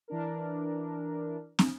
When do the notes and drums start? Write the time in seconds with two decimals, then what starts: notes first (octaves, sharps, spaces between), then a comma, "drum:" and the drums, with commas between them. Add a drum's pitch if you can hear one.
0.08 E3 D4 A#4
1.59 drum: snare